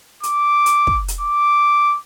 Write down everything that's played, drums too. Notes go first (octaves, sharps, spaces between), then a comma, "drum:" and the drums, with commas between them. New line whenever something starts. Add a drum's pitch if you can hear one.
D6, drum: hi-hat
drum: hi-hat
drum: kick
drum: hi-hat
D6